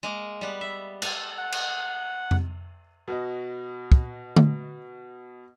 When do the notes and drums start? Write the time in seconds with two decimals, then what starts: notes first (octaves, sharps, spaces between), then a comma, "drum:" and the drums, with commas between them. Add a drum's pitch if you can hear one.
0.03 G#3 A#3 A#4
0.41 G3 B3
0.61 E5
1.02 A4 F5 G#5, drum: cymbal
1.38 F#5
1.52 drum: cymbal
2.31 drum: tom F2
3.08 B2 F#4 D#5
3.92 drum: kick
4.36 drum: tom D3